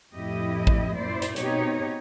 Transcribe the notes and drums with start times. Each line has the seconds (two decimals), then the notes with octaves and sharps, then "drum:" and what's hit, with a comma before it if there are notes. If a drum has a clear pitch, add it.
0.13 F2 A2 E4 G4 D#5
0.67 drum: kick A1
0.96 F#2 A#2 E4 C5 D5
1.22 drum: hi-hat
1.36 B2 C4 D#4 G4 C#5, drum: hi-hat